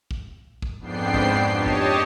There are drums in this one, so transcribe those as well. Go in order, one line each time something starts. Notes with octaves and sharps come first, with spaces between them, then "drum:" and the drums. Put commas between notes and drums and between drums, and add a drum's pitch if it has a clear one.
drum: kick
drum: kick
F2 G#2 B3 D4 G5 C7
drum: kick
G4 C#5 D#5 A5
drum: kick